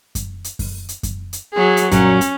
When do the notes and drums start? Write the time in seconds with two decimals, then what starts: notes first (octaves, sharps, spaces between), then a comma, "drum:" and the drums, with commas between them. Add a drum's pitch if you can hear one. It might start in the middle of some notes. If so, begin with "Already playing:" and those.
0.15 drum: kick F#2, hi-hat
0.44 drum: hi-hat
0.59 drum: kick F#2, open hi-hat
0.89 drum: hi-hat
1.03 drum: kick F#2, hi-hat
1.33 drum: hi-hat
1.54 F#3 G#4
1.77 drum: hi-hat
1.91 A#2 F#3 C#4, drum: kick F#2, hi-hat
2.21 drum: hi-hat